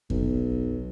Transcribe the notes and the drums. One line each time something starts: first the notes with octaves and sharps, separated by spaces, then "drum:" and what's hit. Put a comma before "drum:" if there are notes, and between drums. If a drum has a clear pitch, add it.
B1, drum: kick F2